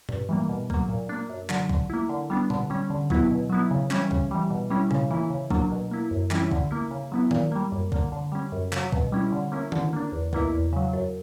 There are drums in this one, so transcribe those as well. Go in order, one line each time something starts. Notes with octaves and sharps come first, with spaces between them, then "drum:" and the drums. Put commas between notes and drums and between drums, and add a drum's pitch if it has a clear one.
G2, drum: tom A#2
E3 G3 A#3
B2
F#3 A#3, drum: kick
A#2
A#3 D4
F#2
D3 F#3, drum: clap
D3, drum: kick
A#3 E4
D3
G3 B3 D4
D3, drum: tom A#2
G3 C#4
D3
F#3 B3 E4, drum: kick
B2
F#3 B3 E4
C#3
E3 G3 C#4, drum: clap
C#3, drum: kick
E3 G3
B2
G3 C#4 E4
C#3, drum: tom A#2
E3 A#3 E4
C#3
F#3 A#3 D4, drum: kick
B2
A#3 E4
F#2
E3 G3 C#4 E4, drum: clap
D3, drum: kick
A#3 E4
C#3
F#3 B3 E4
A#2, drum: tom D#3
G3 A#3
F#2
D3 A#3, drum: kick
D3
G3 C#4
F#2
C#3 F#3, drum: clap
B2, drum: kick
G3 C#4 E4
D3
A#3 C#4 E4
D3, drum: tom D#3
A#3 D4
E2
B2 A#3 E4, drum: kick
E2
C#3 F#3
F#2